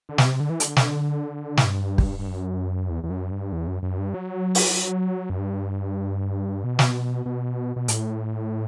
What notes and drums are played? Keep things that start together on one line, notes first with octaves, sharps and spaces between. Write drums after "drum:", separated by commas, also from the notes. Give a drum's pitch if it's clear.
D3
B2, drum: snare
C3
D3
E3
D3, drum: hi-hat
drum: snare
A2, drum: snare
G2
drum: kick
G2
F#2
E2
E2
F#2
G2
E2
F#2
F#2
G2
F#3
drum: open hi-hat
F#2
G2
B2
drum: snare
B2
B2
A2, drum: hi-hat